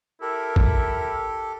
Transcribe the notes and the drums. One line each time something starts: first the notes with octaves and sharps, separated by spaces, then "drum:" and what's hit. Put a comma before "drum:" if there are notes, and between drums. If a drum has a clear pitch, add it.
E4 G4 A4 A#4
drum: kick G#1